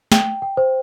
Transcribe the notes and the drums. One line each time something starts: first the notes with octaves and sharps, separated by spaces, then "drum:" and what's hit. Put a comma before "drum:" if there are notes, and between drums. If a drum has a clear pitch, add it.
G5, drum: snare
G5
C5